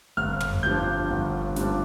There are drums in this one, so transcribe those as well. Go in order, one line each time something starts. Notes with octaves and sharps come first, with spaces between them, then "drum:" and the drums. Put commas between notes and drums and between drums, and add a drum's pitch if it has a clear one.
G1 F6
drum: tom
G2 F3 D4 G6
G1
G2 F3 D4, drum: snare